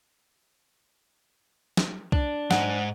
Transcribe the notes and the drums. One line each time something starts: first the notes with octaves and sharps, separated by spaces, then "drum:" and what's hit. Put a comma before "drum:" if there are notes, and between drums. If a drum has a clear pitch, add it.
drum: snare
D4, drum: kick
G#2 F#5, drum: snare